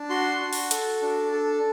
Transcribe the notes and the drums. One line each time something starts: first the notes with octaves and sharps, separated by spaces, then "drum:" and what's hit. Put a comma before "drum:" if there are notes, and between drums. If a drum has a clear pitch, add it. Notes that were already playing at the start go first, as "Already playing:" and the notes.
Already playing: D4
F#4 C6
F#4
drum: open hi-hat
A4, drum: hi-hat
D4
A4